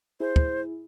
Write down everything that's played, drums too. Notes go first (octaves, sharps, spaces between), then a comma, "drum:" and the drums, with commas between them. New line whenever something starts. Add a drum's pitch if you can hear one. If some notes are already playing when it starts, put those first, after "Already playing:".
E4 G#4 C5
drum: kick